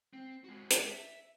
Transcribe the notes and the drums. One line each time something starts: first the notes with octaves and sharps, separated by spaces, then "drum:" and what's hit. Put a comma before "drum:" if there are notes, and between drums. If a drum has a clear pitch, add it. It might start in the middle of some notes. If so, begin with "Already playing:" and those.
C4
G#3 F#4
drum: hi-hat
E5